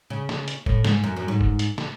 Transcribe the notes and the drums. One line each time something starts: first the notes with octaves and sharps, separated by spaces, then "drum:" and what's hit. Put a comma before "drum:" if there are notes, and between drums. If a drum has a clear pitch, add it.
C#3
drum: snare
drum: hi-hat
A2, drum: kick F1
G#2, drum: snare
F#2
F#2
G#2
drum: kick F1
drum: hi-hat
drum: snare